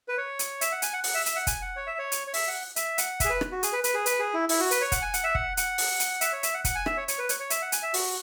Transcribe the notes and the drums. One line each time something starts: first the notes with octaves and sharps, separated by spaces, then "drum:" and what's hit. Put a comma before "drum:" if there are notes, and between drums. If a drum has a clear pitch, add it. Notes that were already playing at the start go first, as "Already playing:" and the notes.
B4
C#5
drum: hi-hat
E5, drum: hi-hat
F#5
G#5, drum: hi-hat
F#5
F#5, drum: open hi-hat
E5
E5, drum: hi-hat
F#5
G#5, drum: kick, hi-hat
F#5
C#5
E5
C#5
drum: hi-hat
C#5
E5, drum: open hi-hat
F#5
E5, drum: hi-hat
F#5, drum: hi-hat
G#4 E5, drum: kick, hi-hat
B4
drum: rim click
F#4
G#4, drum: hi-hat
B4
B4, drum: hi-hat
G#4
B4, drum: hi-hat
G#4
E4
E4, drum: open hi-hat
F#4
B4, drum: hi-hat
C#5
F#5, drum: kick, hi-hat
G#5
F#5, drum: hi-hat
E5
F#5, drum: kick
F#5, drum: hi-hat
drum: open hi-hat
drum: hi-hat
E5, drum: hi-hat
C#5
E5, drum: hi-hat
F#5
F#5, drum: kick, hi-hat
G#5
E5, drum: rim click
C#5
C#5, drum: hi-hat
B4
C#5, drum: hi-hat
C#5
E5, drum: hi-hat
F#5
G#5, drum: hi-hat
E5
F#4, drum: open hi-hat